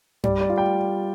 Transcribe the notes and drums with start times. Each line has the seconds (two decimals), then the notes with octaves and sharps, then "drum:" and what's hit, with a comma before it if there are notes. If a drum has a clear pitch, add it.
0.24 G3 D5, drum: tom G2
0.41 D5
0.49 F4
0.58 G5